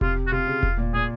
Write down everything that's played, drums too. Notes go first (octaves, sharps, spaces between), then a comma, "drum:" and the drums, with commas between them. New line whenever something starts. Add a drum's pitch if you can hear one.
C3 F4, drum: kick E1
F#4
C3 F4
C#3
drum: kick E1
A#2
A#2 G#4